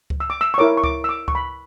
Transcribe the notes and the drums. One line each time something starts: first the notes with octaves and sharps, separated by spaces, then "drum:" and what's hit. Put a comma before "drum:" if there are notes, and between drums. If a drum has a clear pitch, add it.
drum: kick C#2
E6
D6
E6
C#6
E4 A#4 C#5 D6
C#6
D6, drum: kick C#2
E6
D6
C#6, drum: kick C#2
B5